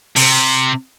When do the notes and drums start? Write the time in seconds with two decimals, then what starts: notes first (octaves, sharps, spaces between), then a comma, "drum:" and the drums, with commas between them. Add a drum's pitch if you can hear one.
0.16 C3, drum: open hi-hat